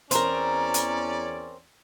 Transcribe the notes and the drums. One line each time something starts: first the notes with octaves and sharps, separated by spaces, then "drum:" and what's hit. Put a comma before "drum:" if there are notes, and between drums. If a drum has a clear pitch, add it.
E2 C4 C#4 A#4 D5 A#5, drum: hi-hat
drum: hi-hat